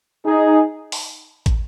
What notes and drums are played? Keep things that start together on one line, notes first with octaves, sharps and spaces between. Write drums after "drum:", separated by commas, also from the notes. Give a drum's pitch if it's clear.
D#4 G#4
drum: open hi-hat
drum: kick, hi-hat